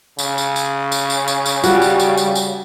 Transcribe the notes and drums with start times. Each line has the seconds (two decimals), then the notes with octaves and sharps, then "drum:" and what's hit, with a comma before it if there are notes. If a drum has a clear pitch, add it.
0.19 C#3, drum: tambourine
0.38 drum: tambourine
0.56 drum: tambourine
0.92 drum: tambourine
1.10 drum: tambourine
1.28 drum: tambourine
1.46 drum: tambourine
1.64 G3 F#4, drum: tambourine
1.82 drum: tambourine
2.00 drum: tambourine
2.17 drum: tambourine
2.35 drum: tambourine